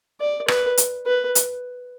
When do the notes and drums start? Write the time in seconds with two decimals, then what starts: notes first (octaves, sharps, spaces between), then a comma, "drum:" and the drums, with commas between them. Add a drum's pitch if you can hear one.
0.20 D5
0.48 B4, drum: rim click
0.77 drum: hi-hat
1.06 B4
1.35 drum: hi-hat